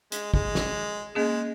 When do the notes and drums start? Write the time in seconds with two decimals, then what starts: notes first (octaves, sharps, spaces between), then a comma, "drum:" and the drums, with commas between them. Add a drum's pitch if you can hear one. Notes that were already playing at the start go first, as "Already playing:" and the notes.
0.12 G#3, drum: hi-hat
0.34 G#3, drum: kick
0.55 drum: snare
1.15 G#3 A#3 C#4 G#4 D#5